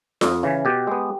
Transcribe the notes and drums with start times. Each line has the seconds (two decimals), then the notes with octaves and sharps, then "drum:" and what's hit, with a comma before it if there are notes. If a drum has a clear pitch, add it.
0.21 F2, drum: snare F4
0.43 C#3 E3
0.65 B2 G4
0.87 G#3 B3